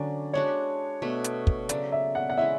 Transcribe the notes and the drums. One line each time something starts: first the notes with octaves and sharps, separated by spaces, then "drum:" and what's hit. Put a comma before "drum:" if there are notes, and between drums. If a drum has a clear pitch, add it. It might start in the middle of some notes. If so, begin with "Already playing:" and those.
Already playing: D3 F#3 C#4 D5
G#3 D4 F#4 C#5
B2 A3 D4
drum: hi-hat
drum: kick
C#3 F#3 A3 D5, drum: hi-hat
E5
F#5
F#5
G#3 C#4 E4 E5